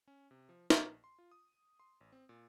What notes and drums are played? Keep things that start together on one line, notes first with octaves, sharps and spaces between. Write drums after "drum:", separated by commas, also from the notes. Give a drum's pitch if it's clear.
C#4
C3
F3
A#1, drum: snare
C6
F4
D#6
C6
A1
C4
A#2